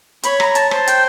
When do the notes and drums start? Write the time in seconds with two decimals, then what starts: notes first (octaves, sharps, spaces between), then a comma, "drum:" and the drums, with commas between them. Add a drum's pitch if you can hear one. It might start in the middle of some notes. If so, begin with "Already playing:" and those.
0.23 C#5 B5, drum: hi-hat
0.40 A#5, drum: rim click
0.55 A5, drum: hi-hat
0.71 C5 A5, drum: rim click
0.87 G5, drum: hi-hat